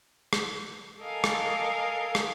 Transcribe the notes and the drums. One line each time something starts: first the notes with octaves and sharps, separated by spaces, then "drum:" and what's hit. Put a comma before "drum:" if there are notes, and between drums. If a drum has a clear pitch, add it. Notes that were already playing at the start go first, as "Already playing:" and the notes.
drum: rim click
A4 A#4 D#5 F5 G#5
drum: rim click
drum: rim click